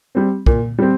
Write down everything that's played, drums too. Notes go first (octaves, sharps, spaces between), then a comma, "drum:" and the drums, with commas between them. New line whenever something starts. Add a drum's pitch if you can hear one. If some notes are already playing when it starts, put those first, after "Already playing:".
G3 C4
A#2, drum: kick
G3 C4